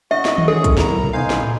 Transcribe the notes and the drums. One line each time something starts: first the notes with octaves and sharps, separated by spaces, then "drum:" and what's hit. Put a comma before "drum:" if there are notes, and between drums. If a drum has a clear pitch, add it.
F#4 D#5 E5
drum: snare
drum: tom D#3
D3 G#3 C#4 G#4 A4 C#6
drum: kick, hi-hat
B3 E4 A#4 A#5, drum: snare
drum: tom
drum: tom A#2
B3 D#4 C5 F5 G#5
drum: snare
drum: tom